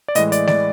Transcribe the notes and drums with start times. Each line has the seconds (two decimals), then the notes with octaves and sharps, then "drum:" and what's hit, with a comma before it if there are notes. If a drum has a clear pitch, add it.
0.08 D5
0.15 A2 E3 G#3 D#5, drum: hi-hat
0.32 D5, drum: hi-hat
0.47 D5, drum: snare A3